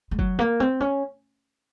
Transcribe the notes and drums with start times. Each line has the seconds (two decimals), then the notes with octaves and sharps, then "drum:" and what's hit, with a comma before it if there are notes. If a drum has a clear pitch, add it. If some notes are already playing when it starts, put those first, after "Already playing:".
0.11 G#3
0.19 F#3, drum: kick F#1
0.39 A#3
0.60 C4
0.80 C#4